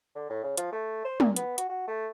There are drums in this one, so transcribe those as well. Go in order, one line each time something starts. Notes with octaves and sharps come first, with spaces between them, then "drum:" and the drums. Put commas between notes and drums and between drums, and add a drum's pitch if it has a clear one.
D3
A2
C#3
F3, drum: hi-hat
A3
C5
A#2, drum: tom
B3, drum: hi-hat
F#4, drum: hi-hat
F#4
A3